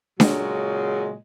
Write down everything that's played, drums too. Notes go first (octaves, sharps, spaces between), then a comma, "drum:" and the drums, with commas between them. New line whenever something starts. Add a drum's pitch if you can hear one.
A#2 C#3 F#3 G#3, drum: snare D4